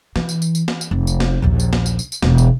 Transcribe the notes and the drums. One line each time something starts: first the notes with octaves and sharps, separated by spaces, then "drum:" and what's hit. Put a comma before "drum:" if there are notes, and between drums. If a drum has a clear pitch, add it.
E3, drum: snare
drum: tambourine
drum: tambourine
drum: tambourine
drum: snare
drum: tambourine
F1
drum: tambourine
drum: snare
A#1 D#2
drum: tambourine
drum: snare
drum: tambourine
drum: tambourine
drum: tambourine
E1, drum: snare
drum: tambourine